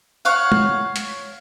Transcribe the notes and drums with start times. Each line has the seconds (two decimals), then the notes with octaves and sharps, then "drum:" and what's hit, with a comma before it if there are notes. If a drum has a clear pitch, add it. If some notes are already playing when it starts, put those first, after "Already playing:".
0.25 C#5 F5 F#5
0.52 drum: tom
0.96 drum: hi-hat